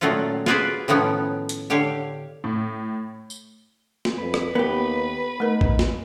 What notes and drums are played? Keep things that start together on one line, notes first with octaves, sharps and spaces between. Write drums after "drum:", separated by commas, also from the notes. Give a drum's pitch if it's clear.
A#2 D#3 F#3 A3 C#4 F4
F4 F#4 G#4 B4 C5 D5, drum: snare
A2 D#3 F3 B3 C#4
drum: hi-hat
D3 G4 C#5 F5
A2
drum: tambourine
drum: snare
F2 B4
drum: rim click
D#2 B3 G4 A#4
A3 D#4 A#4
drum: kick
drum: snare